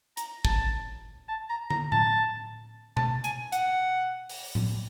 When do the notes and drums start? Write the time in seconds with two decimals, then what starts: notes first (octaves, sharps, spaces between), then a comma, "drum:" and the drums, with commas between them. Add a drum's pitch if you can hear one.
0.17 A#5, drum: hi-hat
0.45 A5, drum: kick
1.29 A5
1.50 A#5
1.71 A#5, drum: tom
1.92 A5, drum: tom A2
2.97 A5, drum: tom B2
3.24 G#5, drum: hi-hat
3.52 F#5, drum: hi-hat
4.29 drum: open hi-hat
4.55 drum: tom A2